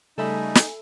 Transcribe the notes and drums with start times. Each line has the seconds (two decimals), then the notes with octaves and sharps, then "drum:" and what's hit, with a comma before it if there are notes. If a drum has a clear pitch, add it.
0.18 C#3 G3 A3 D#4 A4 E5 G#5 B5
0.55 drum: snare